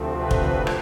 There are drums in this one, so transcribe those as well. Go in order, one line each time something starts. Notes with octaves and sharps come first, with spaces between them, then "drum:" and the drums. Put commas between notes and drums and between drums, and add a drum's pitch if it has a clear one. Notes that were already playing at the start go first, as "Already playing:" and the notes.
Already playing: D2 C3 F3 A3 C4
B4
drum: kick
drum: rim click